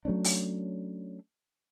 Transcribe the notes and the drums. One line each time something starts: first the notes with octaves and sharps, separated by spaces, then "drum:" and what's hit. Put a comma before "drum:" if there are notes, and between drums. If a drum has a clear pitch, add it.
F#3 A3 C#4 D4
drum: open hi-hat